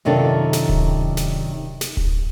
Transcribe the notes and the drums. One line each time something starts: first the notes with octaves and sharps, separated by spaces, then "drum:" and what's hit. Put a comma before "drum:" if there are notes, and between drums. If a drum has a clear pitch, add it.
F#2 C3 D#3 D4 F4 A4
drum: snare
drum: kick D1
drum: snare
drum: snare
drum: kick D1